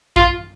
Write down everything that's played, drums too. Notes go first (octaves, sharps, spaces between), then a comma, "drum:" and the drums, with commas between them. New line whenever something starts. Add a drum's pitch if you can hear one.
F4, drum: kick